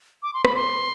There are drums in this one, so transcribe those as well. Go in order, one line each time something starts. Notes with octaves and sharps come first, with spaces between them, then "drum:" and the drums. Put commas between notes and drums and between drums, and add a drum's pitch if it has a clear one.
D6
C6
B5, drum: rim click
C6